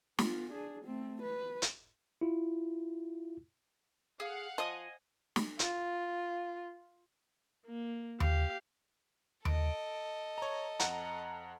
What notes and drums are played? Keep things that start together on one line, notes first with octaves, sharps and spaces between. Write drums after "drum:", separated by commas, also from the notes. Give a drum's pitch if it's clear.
B3 F4, drum: snare
D4 G#4
A3 C4
B4
drum: hi-hat
E4 F4
G#4 F5 F#5
F3 D#5 G#5 D#6
drum: snare
F4, drum: hi-hat
A#3
G4 F5, drum: tom D#2
A4 D#5 D7, drum: tom D#2
C#5 A#5
F2 F#5 A#5, drum: hi-hat